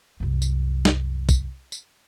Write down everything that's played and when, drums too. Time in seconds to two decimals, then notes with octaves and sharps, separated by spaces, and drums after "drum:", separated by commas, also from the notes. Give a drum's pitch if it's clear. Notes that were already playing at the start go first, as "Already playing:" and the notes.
0.20 C2 F#2
0.42 drum: tambourine
0.85 drum: snare
1.29 drum: kick, tambourine
1.72 drum: tambourine